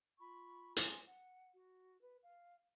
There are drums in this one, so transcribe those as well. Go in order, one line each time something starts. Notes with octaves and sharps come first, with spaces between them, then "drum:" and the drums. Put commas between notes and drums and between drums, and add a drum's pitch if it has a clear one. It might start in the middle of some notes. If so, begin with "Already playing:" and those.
F4 B5 C#6
G#5 C6, drum: hi-hat
F#5
F#4
B4
F5